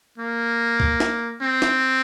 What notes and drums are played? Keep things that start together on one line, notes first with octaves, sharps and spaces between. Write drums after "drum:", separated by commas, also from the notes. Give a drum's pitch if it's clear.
A#3
drum: kick C2
drum: snare
C4
drum: snare